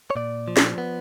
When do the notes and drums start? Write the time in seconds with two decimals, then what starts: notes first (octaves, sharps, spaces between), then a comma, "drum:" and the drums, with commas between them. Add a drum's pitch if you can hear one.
0.10 C#5
0.15 A#2 D5
0.48 F3
0.57 drum: snare
0.78 B3